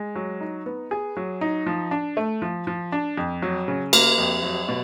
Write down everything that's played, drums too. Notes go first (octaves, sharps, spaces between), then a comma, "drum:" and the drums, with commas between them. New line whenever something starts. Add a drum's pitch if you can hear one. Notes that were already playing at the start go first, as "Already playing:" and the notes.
Already playing: G#3
F#3
D#4
B3
G#4
F#3
D#4
F3
D4
A3
F3
F3
D4
F2
F#3
C#3
A#3, drum: cymbal
F2
F#3
B2